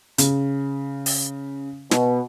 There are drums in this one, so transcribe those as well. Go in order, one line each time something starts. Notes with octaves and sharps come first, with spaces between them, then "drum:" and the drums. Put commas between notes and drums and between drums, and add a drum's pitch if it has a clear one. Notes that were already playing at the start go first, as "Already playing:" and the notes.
C#3, drum: hi-hat
drum: open hi-hat
B2, drum: snare